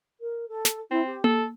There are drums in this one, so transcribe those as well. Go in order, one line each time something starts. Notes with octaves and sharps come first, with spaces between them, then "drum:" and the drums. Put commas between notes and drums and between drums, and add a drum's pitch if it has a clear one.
A#4
A4
drum: snare
C4 E4
G4
A4, drum: tom A#3